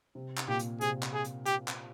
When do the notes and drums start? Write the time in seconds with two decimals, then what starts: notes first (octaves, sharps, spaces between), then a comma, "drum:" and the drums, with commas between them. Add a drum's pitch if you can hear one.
0.15 C3
0.37 drum: clap
0.48 A#2 G4
0.59 drum: hi-hat
0.81 C3 G#4, drum: hi-hat
1.03 drum: clap
1.13 G#4
1.24 drum: hi-hat
1.46 G4, drum: hi-hat
1.68 drum: clap